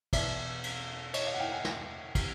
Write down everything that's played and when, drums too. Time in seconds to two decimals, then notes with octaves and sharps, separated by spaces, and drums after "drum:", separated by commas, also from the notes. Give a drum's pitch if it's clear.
0.13 E2 B2 D5 E5, drum: kick, cymbal
0.64 drum: cymbal
1.14 C#5 D#5, drum: cymbal
1.27 D#5 F5
1.34 F#5
1.39 F5 G5
1.51 F#5 G#5
1.65 drum: snare
2.15 C3 E3, drum: kick, cymbal